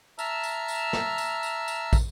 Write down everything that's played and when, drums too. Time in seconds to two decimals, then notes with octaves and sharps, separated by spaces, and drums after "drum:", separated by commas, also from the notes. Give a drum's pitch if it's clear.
0.19 E5 A5 A#5 E6 F6, drum: tambourine
0.43 drum: tambourine
0.68 drum: tambourine
0.93 drum: snare
1.18 drum: tambourine
1.43 drum: tambourine
1.68 drum: tambourine
1.93 drum: kick, tambourine